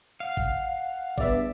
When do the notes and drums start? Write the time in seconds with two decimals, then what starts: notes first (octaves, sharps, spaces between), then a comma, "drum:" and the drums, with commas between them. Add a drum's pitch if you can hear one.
0.20 F5 F#5
0.37 drum: kick G#1
1.18 E2 G2 D5 E5, drum: kick G#1